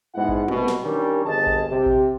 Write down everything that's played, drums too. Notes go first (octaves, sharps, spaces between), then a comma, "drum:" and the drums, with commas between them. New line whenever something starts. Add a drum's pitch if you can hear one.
G#2 B2 G#3 E4 F#5
drum: kick A1
C2 B2, drum: tom
drum: snare
D#3 G3 C#4 D4 G4 A#4
G1 F2 G#4 D#5 A5
drum: kick A1
C3 G4
drum: kick A1